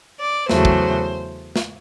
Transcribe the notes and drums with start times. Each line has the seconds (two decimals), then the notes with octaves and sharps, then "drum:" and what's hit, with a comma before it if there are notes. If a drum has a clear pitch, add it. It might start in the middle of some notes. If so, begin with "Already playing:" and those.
0.19 D5
0.49 E2 C#3 F#3 A3 C5, drum: snare
0.65 drum: kick
1.56 drum: snare